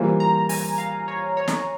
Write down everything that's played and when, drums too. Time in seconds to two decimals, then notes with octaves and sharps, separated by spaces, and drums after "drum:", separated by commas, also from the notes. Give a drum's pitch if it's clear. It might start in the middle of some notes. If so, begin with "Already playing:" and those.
Already playing: E3 G3 A#3 F4 C5
0.20 A#5
0.49 G#5, drum: open hi-hat
0.78 F5
1.08 C#5
1.37 C#5
1.48 drum: snare